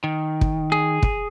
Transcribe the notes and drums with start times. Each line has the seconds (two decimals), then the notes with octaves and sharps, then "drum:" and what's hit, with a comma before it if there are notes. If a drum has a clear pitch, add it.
0.04 D#3
0.41 drum: kick
0.72 G#4
1.03 drum: kick